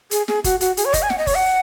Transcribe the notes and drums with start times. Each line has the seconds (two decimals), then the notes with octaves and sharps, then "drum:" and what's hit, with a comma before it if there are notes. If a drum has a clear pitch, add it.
0.11 G#4, drum: hi-hat
0.28 G#4, drum: snare
0.44 F#4, drum: kick F#1, hi-hat
0.61 F#4, drum: hi-hat
0.77 G#4, drum: hi-hat
0.85 C#5
0.94 D#5, drum: kick F#1, hi-hat
1.02 G#5
1.10 F#5, drum: snare
1.18 D#5
1.27 C#5, drum: kick F#1, open hi-hat
1.35 F#5